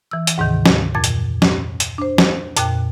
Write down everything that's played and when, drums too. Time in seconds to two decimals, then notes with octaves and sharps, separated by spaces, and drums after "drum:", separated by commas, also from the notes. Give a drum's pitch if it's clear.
0.11 E3 E6
0.27 drum: hi-hat
0.38 D2 G#2 C3 D#3
0.66 drum: snare
0.95 F2 A#2 G#6 A6
1.04 drum: hi-hat
1.42 drum: snare
1.80 drum: hi-hat
1.98 D4 C5
2.18 drum: snare
2.57 F2 A#2 G5 F#6, drum: hi-hat